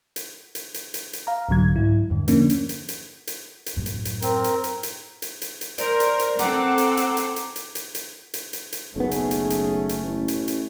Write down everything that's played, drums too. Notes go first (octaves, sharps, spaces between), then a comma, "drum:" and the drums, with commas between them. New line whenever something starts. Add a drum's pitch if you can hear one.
drum: hi-hat
drum: hi-hat
drum: hi-hat
drum: hi-hat
drum: hi-hat
F5 A#5
C2 G#2 D3 F#3 G#6
G#2 E4
E2 G2 D3
D3 F3 A#3 C#4 D4, drum: hi-hat
drum: hi-hat
drum: hi-hat
drum: hi-hat
drum: hi-hat
drum: hi-hat
F#2 A2
drum: hi-hat
drum: hi-hat
C4 A#4, drum: hi-hat
drum: hi-hat
drum: hi-hat
drum: hi-hat
drum: hi-hat
drum: hi-hat
drum: hi-hat
A#4 C5 D5, drum: hi-hat
drum: hi-hat
drum: hi-hat
C4 A4 F#5 A#5 D6, drum: hi-hat
drum: hi-hat
drum: hi-hat
drum: hi-hat
drum: hi-hat
drum: hi-hat
drum: hi-hat
drum: hi-hat
drum: hi-hat
drum: hi-hat
drum: hi-hat
F#1 B1 A3 B3 C#4 G#4
drum: hi-hat
drum: hi-hat
drum: hi-hat
drum: hi-hat
A1
drum: hi-hat
drum: hi-hat